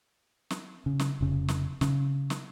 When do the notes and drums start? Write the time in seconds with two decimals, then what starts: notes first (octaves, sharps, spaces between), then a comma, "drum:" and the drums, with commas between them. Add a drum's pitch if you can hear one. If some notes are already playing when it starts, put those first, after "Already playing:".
0.50 drum: snare
0.86 C#3
0.99 drum: snare
1.21 F1 C#3
1.48 drum: snare
1.81 C#3, drum: snare
2.30 drum: snare